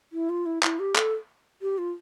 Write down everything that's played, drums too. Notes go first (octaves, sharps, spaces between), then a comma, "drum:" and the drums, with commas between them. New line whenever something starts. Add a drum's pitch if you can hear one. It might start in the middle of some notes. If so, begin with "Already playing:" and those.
E4
F4
E4
E4, drum: clap
G4
A4, drum: clap
G4
F4